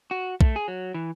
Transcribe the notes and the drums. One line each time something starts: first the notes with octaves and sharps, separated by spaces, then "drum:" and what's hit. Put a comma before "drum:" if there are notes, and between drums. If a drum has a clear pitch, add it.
F#4
A3, drum: kick
G#4
F#3
E3